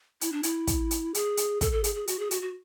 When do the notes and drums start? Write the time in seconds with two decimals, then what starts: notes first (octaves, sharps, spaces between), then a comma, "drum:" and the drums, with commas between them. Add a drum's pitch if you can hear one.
0.21 E4, drum: hi-hat
0.32 D4
0.43 E4, drum: hi-hat
0.67 drum: kick, hi-hat
0.91 drum: hi-hat
1.14 G#4, drum: hi-hat
1.37 drum: hi-hat
1.61 A4, drum: kick, hi-hat
1.72 A4
1.84 G#4, drum: hi-hat
1.95 G#4
2.07 F#4, drum: hi-hat
2.19 G#4
2.31 F#4, drum: hi-hat
2.42 F#4